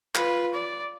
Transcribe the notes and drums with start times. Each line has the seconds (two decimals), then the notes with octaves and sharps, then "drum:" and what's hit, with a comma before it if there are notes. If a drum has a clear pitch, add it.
0.15 F4 B4, drum: clap
0.54 D5